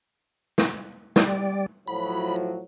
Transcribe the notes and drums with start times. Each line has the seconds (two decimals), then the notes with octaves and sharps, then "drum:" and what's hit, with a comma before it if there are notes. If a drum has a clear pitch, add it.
0.58 drum: snare
1.16 G3 D5, drum: snare
1.88 A2 F3 F#3 B5